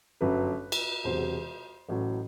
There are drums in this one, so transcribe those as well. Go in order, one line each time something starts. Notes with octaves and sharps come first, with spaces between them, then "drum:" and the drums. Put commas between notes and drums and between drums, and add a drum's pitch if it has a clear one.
G1 F#2 F#3 B4
drum: cymbal
E1 E2 C3 F#3 C5
A1 A2 F#3